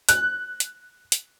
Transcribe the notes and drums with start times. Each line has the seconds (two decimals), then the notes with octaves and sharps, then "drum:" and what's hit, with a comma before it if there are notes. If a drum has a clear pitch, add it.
0.09 F#6, drum: hi-hat
0.60 drum: hi-hat
1.12 drum: hi-hat